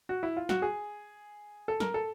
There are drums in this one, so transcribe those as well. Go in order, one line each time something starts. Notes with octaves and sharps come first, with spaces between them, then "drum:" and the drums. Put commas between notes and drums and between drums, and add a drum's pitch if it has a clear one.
F#4
E4
F4
F#4, drum: snare
G#4
A4
A#4, drum: snare
A4